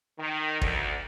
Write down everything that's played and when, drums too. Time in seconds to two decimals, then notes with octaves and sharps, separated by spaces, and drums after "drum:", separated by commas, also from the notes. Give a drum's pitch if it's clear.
0.19 D#3
0.62 D2, drum: kick